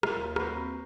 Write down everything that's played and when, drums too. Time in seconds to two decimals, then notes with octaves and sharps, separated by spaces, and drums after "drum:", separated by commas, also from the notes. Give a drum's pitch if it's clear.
0.03 F4 A#4 E5 F5, drum: rim click
0.16 D#2
0.36 F#4 B4 C5 A#5 B5, drum: rim click
0.56 C4